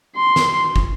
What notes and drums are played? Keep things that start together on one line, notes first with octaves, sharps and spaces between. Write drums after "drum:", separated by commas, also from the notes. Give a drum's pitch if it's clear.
C6
drum: snare
drum: kick